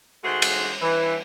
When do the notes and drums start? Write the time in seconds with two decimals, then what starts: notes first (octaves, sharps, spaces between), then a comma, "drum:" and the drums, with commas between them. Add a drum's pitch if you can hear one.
0.24 D#3 G#3 A3 F#4 G#4 C5
0.42 drum: cymbal
0.82 E3